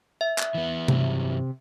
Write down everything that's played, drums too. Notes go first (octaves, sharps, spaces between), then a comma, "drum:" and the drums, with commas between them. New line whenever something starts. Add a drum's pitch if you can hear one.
E5
drum: clap
E3 B3
G2 C3 E3 F#3, drum: tom C3